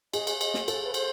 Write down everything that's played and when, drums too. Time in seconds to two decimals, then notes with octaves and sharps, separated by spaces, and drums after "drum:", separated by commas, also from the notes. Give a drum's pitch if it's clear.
0.13 G#4 D#5, drum: cymbal
0.27 drum: cymbal
0.41 D#5, drum: cymbal
0.54 drum: snare
0.68 A4, drum: cymbal
0.85 B4
0.94 C5, drum: cymbal